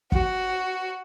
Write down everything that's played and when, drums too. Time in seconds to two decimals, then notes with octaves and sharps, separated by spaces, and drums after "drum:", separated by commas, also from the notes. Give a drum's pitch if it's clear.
0.12 F#4, drum: kick